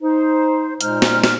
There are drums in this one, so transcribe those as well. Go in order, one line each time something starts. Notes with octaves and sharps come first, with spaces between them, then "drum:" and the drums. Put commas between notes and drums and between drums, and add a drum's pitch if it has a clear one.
D#4 C5
A#2 G#3 D#4 C5 F6, drum: hi-hat
drum: snare
drum: snare